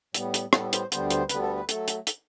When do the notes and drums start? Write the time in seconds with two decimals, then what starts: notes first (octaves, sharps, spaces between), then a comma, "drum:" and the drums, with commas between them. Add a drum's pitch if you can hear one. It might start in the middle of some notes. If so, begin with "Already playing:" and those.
0.14 A2 G3 B3, drum: hi-hat
0.34 drum: hi-hat
0.53 A2 G3 B3 A4, drum: rim click
0.73 C5, drum: hi-hat
0.92 D2 D3 G3 B3 C5, drum: hi-hat
1.11 C5, drum: hi-hat
1.29 D2 D3 G3 B3 B4, drum: hi-hat
1.43 A4
1.56 B4
1.69 F#3 A3 A4, drum: hi-hat
1.88 drum: hi-hat
2.07 drum: hi-hat